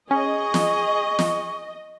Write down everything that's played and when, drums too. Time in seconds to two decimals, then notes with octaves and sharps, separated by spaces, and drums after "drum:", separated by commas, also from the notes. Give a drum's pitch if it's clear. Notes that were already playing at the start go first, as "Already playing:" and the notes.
0.11 C#4 G#4 D#5 C#6
0.54 drum: snare
1.19 drum: snare